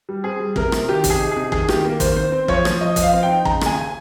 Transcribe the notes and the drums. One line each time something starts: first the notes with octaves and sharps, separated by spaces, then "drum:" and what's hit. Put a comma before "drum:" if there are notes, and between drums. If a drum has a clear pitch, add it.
G3
C4 G#4
G3
C3 A#4, drum: kick
C3, drum: rim click
D#3 G4
C3, drum: kick, hi-hat
G#4
D#4
C3 G#4
D#3 G#4, drum: kick
D#3 G4, drum: rim click
A#3
D#3 C5, drum: kick, hi-hat
C4 C5
C4
F3 C#5, drum: kick
F3, drum: rim click
F3 D#5
F3, drum: kick, hi-hat
F5
C4
G5
D#4
C#3 A#5, drum: kick
D#2 G#5, drum: rim click
G#5